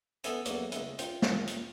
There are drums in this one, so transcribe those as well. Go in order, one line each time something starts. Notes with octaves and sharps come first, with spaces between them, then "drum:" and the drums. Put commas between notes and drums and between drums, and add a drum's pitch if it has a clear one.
B3 A4 E5 G#5 A5, drum: hi-hat
E2 F#3 A#3, drum: hi-hat
C#2 E4, drum: hi-hat
F4 G5, drum: hi-hat
drum: snare
drum: hi-hat